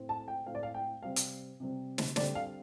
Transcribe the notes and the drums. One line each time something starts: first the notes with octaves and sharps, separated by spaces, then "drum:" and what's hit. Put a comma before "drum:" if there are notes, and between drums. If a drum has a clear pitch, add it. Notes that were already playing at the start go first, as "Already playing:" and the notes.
Already playing: A2 A3 C4
A5
G5
A2 A3 C4 F5
D5
F5
G5
C3 G3 C4 F5
drum: hi-hat
C3 G3 C4
drum: snare
D3 G3 C4 D5, drum: snare
F5